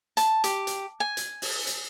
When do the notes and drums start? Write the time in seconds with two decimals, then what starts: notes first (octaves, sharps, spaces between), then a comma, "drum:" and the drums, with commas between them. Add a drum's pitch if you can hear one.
0.17 A5, drum: hi-hat
0.44 G4, drum: hi-hat
0.67 drum: hi-hat
1.00 G#5
1.17 drum: hi-hat
1.42 drum: open hi-hat
1.67 drum: hi-hat